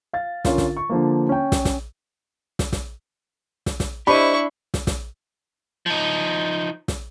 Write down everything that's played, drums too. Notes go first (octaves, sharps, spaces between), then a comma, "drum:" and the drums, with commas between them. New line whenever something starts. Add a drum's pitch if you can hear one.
F5 A6
D3 C#4 F4 A#4, drum: snare
drum: snare
C#6
D3 F3 A#3
C#4 G5
drum: snare
drum: snare
drum: snare
drum: snare
drum: snare
drum: snare
D4 E4 G4 C5 D#5 B5 C#6
drum: snare
drum: snare
F3 D#4
drum: snare